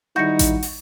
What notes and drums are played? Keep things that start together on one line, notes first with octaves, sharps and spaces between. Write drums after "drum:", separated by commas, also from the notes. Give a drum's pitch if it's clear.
D#3 G3 D#4 E4 F#4 G6 A#6 C#7
drum: kick A1, hi-hat
drum: open hi-hat